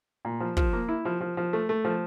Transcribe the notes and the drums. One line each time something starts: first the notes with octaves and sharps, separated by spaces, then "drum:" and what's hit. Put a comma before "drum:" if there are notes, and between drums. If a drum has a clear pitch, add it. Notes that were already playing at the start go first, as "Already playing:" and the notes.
A#2
F3
F3, drum: kick
A#3
E4
F3
F3
F3
A3
A3
F3